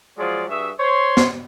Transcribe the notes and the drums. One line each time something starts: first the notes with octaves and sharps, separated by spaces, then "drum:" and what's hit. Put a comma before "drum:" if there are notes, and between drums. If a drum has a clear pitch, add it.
F3 F#3 G#3 F4 G#4 D5
G2 F#4 G#4 E5
C5 C#5 C6
drum: snare